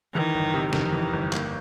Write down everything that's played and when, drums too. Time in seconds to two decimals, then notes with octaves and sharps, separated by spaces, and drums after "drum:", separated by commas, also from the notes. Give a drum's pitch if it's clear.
0.14 D#3 E3
0.34 G1
0.54 C3
0.73 F2 D#3, drum: snare
0.93 E3
1.13 G1
1.33 A#3, drum: clap